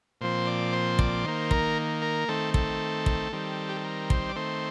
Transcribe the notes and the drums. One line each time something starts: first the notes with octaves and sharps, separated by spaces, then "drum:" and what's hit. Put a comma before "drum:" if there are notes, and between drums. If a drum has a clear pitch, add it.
A#2 F3 C4 C5
D5
C5
D5, drum: kick
D#3 A#3 C5
A#4, drum: kick
A#4
D#3 A3 C4 A4
A4, drum: kick
drum: kick
D#3 G3 C4
G4
A4
A#4
C5, drum: kick
D5
D#3 A3 C4 C5